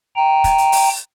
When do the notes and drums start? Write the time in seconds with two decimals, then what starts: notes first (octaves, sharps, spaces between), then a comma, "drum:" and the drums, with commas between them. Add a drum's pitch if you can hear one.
0.16 G5 A#5
0.44 drum: kick, hi-hat
0.58 drum: hi-hat
0.72 drum: open hi-hat